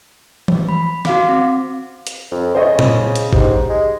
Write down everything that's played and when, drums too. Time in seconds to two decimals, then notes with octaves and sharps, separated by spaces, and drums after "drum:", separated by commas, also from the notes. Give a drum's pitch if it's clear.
0.48 drum: tom E3
0.69 B5
1.05 F#4 F5 D6, drum: snare
1.29 C4
2.07 drum: hi-hat
2.31 F2
2.55 C#3 C5 D#5 C#6
2.79 drum: tom A#2
3.16 drum: hi-hat
3.33 G#2 G4, drum: kick
3.70 G#3